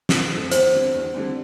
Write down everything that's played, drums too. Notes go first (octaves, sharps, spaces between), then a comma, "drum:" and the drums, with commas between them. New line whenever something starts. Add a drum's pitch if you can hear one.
D3, drum: snare
A3 C4
E2 C5, drum: hi-hat
D3 G3 C4
E2
D3 G3 C4